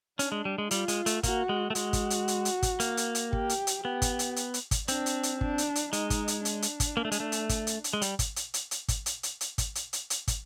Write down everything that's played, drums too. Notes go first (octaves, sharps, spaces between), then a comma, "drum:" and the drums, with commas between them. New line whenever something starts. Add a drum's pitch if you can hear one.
C#4 D4, drum: hi-hat
G#3
G3
G#3
G3 F4, drum: hi-hat
G#3, drum: hi-hat
A3, drum: hi-hat
A#3 F#4, drum: kick, hi-hat
G#3
A3
G#3 F#4, drum: hi-hat
drum: kick, hi-hat
drum: hi-hat
drum: hi-hat
drum: hi-hat
drum: kick, hi-hat
A#3, drum: hi-hat
drum: hi-hat
drum: hi-hat
G4, drum: kick
drum: hi-hat
drum: hi-hat
B3 G4
drum: kick, hi-hat
drum: hi-hat
drum: hi-hat
drum: hi-hat
drum: kick, hi-hat
C4 D4, drum: hi-hat
drum: hi-hat
drum: hi-hat
D4, drum: kick
drum: hi-hat
drum: hi-hat
G#3 D#4, drum: hi-hat
drum: kick, hi-hat
drum: hi-hat
D4, drum: hi-hat
drum: hi-hat
drum: kick, hi-hat
A#3
A3
G#3, drum: hi-hat
A3
drum: hi-hat
drum: kick, hi-hat
drum: hi-hat
drum: hi-hat
G#3
G3, drum: hi-hat
drum: kick, hi-hat
drum: hi-hat
drum: hi-hat
drum: hi-hat
drum: kick, hi-hat
drum: hi-hat
drum: hi-hat
drum: hi-hat
drum: kick, hi-hat
drum: hi-hat
drum: hi-hat
drum: hi-hat
drum: kick, hi-hat